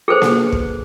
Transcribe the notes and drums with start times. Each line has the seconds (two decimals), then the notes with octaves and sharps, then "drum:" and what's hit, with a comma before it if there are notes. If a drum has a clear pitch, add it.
0.08 G#4 A4 B4 C5
0.22 drum: snare A#3
0.52 drum: kick